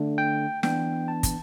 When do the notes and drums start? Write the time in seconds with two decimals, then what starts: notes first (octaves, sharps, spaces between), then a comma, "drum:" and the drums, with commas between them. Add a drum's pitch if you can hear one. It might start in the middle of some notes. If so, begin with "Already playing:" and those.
Already playing: D3 A3 D4
0.18 G5
0.63 E3 B3 D4 G5, drum: snare
1.08 A5
1.23 drum: kick, hi-hat